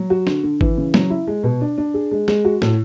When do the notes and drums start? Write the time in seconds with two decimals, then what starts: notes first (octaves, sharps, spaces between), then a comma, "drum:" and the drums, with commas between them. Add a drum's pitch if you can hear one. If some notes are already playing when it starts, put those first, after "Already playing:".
Already playing: F#3
0.10 F#4
0.27 D3, drum: snare
0.43 D3
0.61 E3, drum: kick G#1
0.77 C#3
0.94 F#3, drum: snare
1.10 E4
1.27 G#3
1.44 B2
1.61 D4
1.78 D4
1.94 G#4
2.11 G#3
2.28 G#3, drum: snare
2.45 F#4
2.62 A2, drum: snare